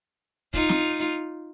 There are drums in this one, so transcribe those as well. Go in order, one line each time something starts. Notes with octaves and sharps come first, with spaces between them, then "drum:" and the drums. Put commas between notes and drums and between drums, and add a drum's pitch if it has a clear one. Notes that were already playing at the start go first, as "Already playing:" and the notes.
D#4 F4, drum: kick
drum: snare